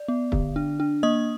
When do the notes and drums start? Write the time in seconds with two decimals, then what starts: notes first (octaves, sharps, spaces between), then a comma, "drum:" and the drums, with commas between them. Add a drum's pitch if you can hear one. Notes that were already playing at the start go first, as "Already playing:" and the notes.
Already playing: D5
0.08 B3
0.32 D3, drum: kick
0.56 D4
0.80 D4
1.03 A#3 D#5 D#6